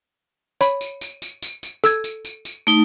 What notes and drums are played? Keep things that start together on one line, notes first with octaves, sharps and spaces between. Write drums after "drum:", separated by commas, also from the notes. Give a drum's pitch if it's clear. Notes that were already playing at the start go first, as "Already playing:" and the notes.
C#5 B5, drum: tambourine
drum: tambourine
drum: tambourine
drum: tambourine
drum: tambourine
drum: tambourine
A4 E6 G#6, drum: tambourine
drum: tambourine
drum: tambourine
drum: tambourine
A3 D#4, drum: tambourine